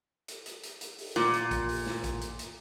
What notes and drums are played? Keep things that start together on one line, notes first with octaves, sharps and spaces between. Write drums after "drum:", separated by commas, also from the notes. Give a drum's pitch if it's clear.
drum: hi-hat
drum: hi-hat
drum: hi-hat
drum: hi-hat
drum: open hi-hat
A#2, drum: snare
drum: hi-hat
drum: kick A#1, hi-hat
drum: open hi-hat
drum: snare
drum: kick A#1, hi-hat
drum: hi-hat
drum: hi-hat